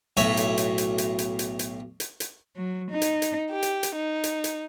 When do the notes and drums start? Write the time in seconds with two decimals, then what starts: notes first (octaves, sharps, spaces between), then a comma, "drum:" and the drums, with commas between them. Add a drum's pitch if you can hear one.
0.17 B1 A2 C#5 E5, drum: hi-hat
0.37 drum: hi-hat
0.58 drum: hi-hat
0.78 drum: hi-hat
0.98 drum: hi-hat
1.19 drum: hi-hat
1.39 drum: hi-hat
1.59 drum: hi-hat
2.00 drum: hi-hat
2.20 drum: hi-hat
2.57 F#3
2.92 D#4
3.02 drum: hi-hat
3.22 drum: hi-hat
3.51 G4
3.63 drum: hi-hat
3.83 drum: hi-hat
3.95 D#4
4.24 drum: hi-hat
4.44 drum: hi-hat